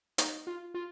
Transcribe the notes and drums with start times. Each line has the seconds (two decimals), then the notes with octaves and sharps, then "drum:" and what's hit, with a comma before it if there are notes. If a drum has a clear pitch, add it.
0.18 D#4, drum: hi-hat
0.47 F4
0.74 F4